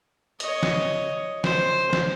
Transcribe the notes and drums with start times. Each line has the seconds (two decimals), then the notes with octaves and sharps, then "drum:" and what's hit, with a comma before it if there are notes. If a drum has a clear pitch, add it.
0.40 C#5 D#5, drum: hi-hat
0.63 drum: snare
1.44 C5, drum: snare
1.93 drum: snare